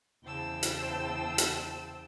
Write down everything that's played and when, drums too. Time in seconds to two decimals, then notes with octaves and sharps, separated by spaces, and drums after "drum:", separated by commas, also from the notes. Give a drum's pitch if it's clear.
0.25 E2 C#3 C5 G5 A5 E6
0.63 drum: hi-hat
1.38 drum: hi-hat